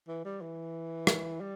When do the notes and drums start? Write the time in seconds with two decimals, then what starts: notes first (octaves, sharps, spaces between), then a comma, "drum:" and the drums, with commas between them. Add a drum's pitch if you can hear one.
0.08 E3
0.25 G3
0.42 E3
1.07 drum: rim click
1.41 G3